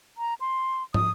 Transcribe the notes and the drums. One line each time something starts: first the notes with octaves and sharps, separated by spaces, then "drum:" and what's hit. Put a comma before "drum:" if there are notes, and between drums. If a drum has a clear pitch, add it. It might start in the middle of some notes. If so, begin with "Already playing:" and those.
A#5
C6
D#6, drum: tom